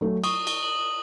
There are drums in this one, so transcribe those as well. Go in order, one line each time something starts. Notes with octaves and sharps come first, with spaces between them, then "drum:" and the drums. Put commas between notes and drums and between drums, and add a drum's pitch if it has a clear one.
F#3 A3
C#6 D#6, drum: cymbal
drum: cymbal
F#7